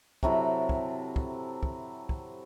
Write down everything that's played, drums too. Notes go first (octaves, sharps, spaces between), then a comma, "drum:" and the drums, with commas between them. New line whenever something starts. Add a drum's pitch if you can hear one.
C3 F#3 E4 A4, drum: kick
drum: kick
drum: kick
drum: kick
drum: kick